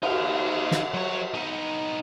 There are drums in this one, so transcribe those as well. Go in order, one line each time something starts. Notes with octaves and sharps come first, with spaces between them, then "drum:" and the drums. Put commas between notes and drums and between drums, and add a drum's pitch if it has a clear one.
D#4 F5, drum: cymbal
drum: snare
F#3 C#5
B3 D#4